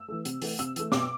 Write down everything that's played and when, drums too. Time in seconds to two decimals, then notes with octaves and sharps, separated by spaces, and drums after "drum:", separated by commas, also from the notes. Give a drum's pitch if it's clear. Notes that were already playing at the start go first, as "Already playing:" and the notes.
Already playing: E6
0.08 E3 A3
0.25 C3, drum: hi-hat
0.42 E3 A3, drum: open hi-hat
0.59 C3 E6, drum: hi-hat
0.76 E3 A3, drum: hi-hat
0.92 B2 D6, drum: snare